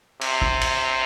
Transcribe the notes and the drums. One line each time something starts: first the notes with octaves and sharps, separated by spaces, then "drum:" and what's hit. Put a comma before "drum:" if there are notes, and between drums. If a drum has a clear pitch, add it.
C3, drum: cymbal
drum: kick
drum: cymbal